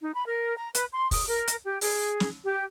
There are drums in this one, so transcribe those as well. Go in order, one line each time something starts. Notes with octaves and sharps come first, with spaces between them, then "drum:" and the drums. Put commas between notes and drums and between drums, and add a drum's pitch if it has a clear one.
D#4
B5
A#4
A#5
B4, drum: hi-hat
C6
D#6, drum: kick, open hi-hat
A#4
drum: hi-hat
G4
G#4, drum: open hi-hat
drum: snare
G4